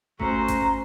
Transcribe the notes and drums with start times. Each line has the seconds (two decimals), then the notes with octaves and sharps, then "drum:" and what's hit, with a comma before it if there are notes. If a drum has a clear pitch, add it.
0.20 A3 C#4 F#4 C5 A#5, drum: kick G#1
0.48 drum: kick G#1, hi-hat